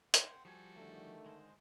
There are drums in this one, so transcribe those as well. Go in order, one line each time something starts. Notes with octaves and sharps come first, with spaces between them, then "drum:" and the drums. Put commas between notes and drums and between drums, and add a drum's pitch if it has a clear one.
F#5 G5 C6, drum: hi-hat
F3 G3 F#4 G4 A4 G#5
D3 D#3 A3
G#3 C5